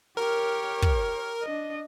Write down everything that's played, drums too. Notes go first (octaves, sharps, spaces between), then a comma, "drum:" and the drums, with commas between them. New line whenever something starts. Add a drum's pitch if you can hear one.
G4 A#4 C#5
drum: kick
D4 D#5